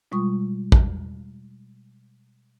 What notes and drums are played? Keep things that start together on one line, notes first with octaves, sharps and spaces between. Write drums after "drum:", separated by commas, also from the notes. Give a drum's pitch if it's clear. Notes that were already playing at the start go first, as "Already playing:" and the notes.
B2 G3 G#3 F4 C#6 D#6
drum: kick